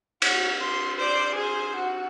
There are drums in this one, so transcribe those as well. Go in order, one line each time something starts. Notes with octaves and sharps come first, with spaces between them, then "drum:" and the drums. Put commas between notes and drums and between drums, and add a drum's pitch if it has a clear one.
F#4 C#5, drum: cymbal
C6
C5 D5
G#4 C5
F#4